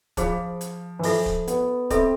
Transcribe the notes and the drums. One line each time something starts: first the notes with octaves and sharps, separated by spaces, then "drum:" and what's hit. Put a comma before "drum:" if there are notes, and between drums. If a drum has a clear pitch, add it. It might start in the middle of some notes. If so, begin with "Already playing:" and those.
F3 G#4 C5 F5 B5, drum: kick, hi-hat
drum: hi-hat
E3
F3 A4 E5 B5, drum: open hi-hat
drum: kick
B3, drum: hi-hat
C4 A4 E5 B5, drum: kick, hi-hat